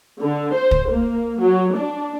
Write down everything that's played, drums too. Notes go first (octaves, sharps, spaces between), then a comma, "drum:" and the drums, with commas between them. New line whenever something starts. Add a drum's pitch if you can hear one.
D3
C5
drum: kick
A#3
F#3
D4